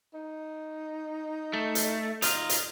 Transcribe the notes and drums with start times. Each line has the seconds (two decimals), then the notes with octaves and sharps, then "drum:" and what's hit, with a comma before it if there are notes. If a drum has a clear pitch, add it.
0.14 D#4
1.53 A3
1.75 drum: hi-hat
2.22 D#4 F4, drum: hi-hat
2.49 drum: hi-hat